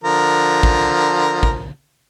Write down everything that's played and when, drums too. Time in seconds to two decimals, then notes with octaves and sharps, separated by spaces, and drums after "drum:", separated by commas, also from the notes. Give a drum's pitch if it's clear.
0.04 D3 F3 A#4
0.63 drum: kick
1.43 drum: kick